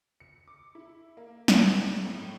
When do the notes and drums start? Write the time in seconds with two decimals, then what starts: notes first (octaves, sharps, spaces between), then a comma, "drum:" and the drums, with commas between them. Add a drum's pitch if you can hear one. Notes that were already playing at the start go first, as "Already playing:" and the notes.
0.20 C#7
0.48 D6
0.75 E4
1.17 A#3
1.48 C4, drum: snare
1.87 G#2
2.05 A2